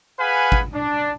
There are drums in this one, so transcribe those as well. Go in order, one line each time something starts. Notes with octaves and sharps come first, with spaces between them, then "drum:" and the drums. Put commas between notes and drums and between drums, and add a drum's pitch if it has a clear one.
G#4 B4 F5 F#5 G#5 B5
drum: kick
D4